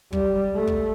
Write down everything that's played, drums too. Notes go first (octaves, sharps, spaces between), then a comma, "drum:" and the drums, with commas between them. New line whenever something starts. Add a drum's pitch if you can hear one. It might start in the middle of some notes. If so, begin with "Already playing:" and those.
G3, drum: kick
A3
drum: kick